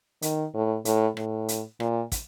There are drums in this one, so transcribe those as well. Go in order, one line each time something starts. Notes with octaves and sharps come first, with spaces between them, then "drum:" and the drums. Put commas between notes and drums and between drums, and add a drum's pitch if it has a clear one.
D#3, drum: hi-hat
A2
A2, drum: hi-hat
A2, drum: rim click
drum: hi-hat
A#2, drum: rim click
drum: kick, hi-hat